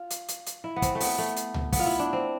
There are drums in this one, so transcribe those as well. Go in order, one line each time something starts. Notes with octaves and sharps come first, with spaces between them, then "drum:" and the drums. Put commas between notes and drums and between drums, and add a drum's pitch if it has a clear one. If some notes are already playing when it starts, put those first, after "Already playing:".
Already playing: F4
drum: hi-hat
drum: hi-hat
drum: hi-hat
E4
B3
C4, drum: kick, hi-hat
A3
B3, drum: open hi-hat
A3
drum: hi-hat
drum: tom C#2
B3, drum: kick, open hi-hat
F4
E4
D4
C4